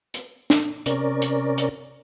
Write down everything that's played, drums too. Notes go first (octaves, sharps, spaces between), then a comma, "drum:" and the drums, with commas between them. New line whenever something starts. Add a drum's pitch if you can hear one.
drum: hi-hat
drum: snare
C3 C#4 A#4 D5, drum: hi-hat
drum: hi-hat
drum: hi-hat